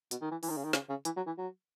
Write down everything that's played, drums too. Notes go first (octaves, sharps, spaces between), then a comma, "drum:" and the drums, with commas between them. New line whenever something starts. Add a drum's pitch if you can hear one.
B2, drum: hi-hat
D#3
E3
E3, drum: open hi-hat
D#3
C#3
D#3
C#3, drum: snare
C#3
E3, drum: hi-hat
F#3
E3
F#3